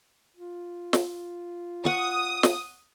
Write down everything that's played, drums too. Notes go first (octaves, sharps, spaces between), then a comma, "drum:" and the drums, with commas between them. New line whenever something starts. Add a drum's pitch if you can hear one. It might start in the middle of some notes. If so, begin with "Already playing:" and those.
F4
drum: snare
F#5 C#6 D#6
drum: snare